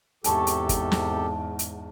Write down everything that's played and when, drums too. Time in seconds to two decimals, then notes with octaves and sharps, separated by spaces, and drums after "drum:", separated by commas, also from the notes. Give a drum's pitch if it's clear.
0.24 E2 G#2 C3 G4 A4 G#5 A5 C#6, drum: hi-hat
0.47 drum: hi-hat
0.69 drum: kick, hi-hat
0.92 drum: snare
1.59 drum: hi-hat